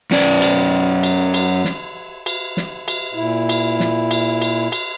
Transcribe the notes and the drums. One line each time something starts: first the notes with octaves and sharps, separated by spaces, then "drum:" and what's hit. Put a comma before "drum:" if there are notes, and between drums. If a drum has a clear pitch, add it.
F#2 C#4 D5, drum: snare
drum: cymbal
drum: cymbal
drum: cymbal
drum: snare
drum: cymbal
drum: snare
drum: cymbal
A#2 E4
drum: cymbal
drum: snare
drum: cymbal
drum: cymbal
drum: cymbal